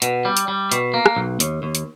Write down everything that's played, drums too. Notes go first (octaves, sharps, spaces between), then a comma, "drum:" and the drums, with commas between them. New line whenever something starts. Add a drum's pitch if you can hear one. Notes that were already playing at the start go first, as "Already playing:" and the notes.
B2, drum: hi-hat
G3
drum: hi-hat
G3
B2, drum: hi-hat
A#3
drum: rim click
B1
D#2, drum: hi-hat
D#2
drum: hi-hat